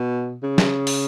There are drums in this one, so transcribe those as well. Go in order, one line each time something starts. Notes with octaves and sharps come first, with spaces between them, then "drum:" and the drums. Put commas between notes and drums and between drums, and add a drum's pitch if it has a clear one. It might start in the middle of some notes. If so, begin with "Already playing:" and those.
Already playing: B2
C#3
drum: snare
drum: open hi-hat